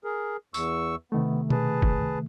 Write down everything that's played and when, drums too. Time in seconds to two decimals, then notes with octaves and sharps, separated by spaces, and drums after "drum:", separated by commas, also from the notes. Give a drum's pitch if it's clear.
0.04 G#4 A#4
0.54 E2 C#6 E6, drum: tambourine
1.12 C3 D#3 A3 B3
1.50 G#4 B4 A5, drum: tom B2
1.82 drum: kick